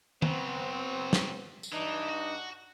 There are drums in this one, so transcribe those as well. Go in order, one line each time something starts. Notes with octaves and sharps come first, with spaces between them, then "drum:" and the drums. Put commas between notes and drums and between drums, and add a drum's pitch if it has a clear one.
C#3 F#3 B3 C4, drum: tom
drum: snare
drum: tambourine
G2 E3 D4 D#4
F#4